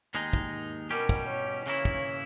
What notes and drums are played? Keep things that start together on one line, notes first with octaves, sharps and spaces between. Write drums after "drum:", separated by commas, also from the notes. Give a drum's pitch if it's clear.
D#2 D#3 G#3 D#4
drum: kick
B2 G3 C#4 G4 A#4
drum: kick
C#5
C#3 E3 A#3 E4 C#5
drum: kick